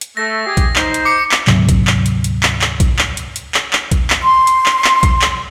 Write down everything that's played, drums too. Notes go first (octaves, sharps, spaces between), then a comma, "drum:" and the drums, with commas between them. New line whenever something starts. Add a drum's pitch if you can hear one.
drum: hi-hat
A3 A#6
G4 G#4
drum: kick, hi-hat
D#4 C5, drum: clap
drum: hi-hat
D6 C#7
drum: clap
D2 G#2 C3 F#3, drum: clap
drum: kick, hi-hat
drum: clap
drum: hi-hat
drum: hi-hat
drum: clap
drum: clap
drum: kick, hi-hat
drum: clap
drum: hi-hat
drum: hi-hat
drum: clap
drum: clap
drum: kick, hi-hat
drum: clap
C6
drum: hi-hat
drum: clap
drum: clap
drum: kick, hi-hat
drum: clap